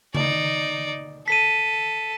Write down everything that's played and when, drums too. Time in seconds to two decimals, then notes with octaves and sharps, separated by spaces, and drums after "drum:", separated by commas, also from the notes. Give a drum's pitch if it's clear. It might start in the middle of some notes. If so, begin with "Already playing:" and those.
0.15 D#4 D5, drum: tom C#3
1.28 A4 B6 D#7